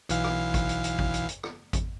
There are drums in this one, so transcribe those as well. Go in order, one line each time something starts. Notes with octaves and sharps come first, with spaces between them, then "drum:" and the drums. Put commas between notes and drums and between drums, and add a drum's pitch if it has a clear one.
B1 E3 F5, drum: hi-hat
drum: rim click
drum: kick G#1, hi-hat
drum: hi-hat
drum: hi-hat
drum: kick G#1
drum: hi-hat
drum: hi-hat
drum: rim click
drum: kick G#1, hi-hat